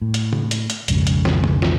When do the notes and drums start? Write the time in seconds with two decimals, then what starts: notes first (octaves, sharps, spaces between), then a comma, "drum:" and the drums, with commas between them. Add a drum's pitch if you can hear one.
0.02 A2
0.14 drum: hi-hat
0.33 drum: tom
0.51 drum: hi-hat
0.70 drum: hi-hat
0.88 B1 F2 G#2 C#3, drum: hi-hat
1.07 drum: hi-hat
1.25 drum: snare
1.44 drum: tom
1.62 drum: snare